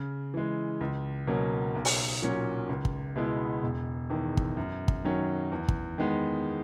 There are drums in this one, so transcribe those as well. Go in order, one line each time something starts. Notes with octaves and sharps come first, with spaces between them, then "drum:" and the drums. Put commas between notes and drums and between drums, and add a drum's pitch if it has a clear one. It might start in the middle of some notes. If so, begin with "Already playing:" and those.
Already playing: C#3
E3 G#3
C#2
B2 F#3 A#3 C#4
B1
drum: open hi-hat
A#2 F#3 C#4
C#2
drum: kick
B2 G#3 B3 E4
E1
E2 D#3
drum: kick
F#2
drum: kick
D#3 F#3 C#4
E2
drum: kick
D#3 G#3 B3